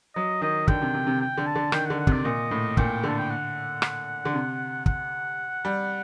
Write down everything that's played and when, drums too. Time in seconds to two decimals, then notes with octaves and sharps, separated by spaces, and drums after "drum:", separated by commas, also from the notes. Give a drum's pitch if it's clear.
0.15 F#3 D#5
0.41 D#3 D#5
0.68 D3 G5, drum: kick
0.82 C3
0.95 C3
1.07 C3
1.21 G5
1.38 D3
1.46 A5
1.56 D3
1.72 D#3 G5, drum: rim click
1.85 F#5
1.90 D3
1.99 F#5
2.07 C3, drum: kick
2.12 D5
2.25 A#2 D#5
2.51 A2
2.77 A#2 G5, drum: kick
3.03 D3 A5
3.18 G5
3.30 F#5
3.82 drum: rim click
4.25 D3
4.34 C3
4.86 F#5, drum: kick
5.65 G3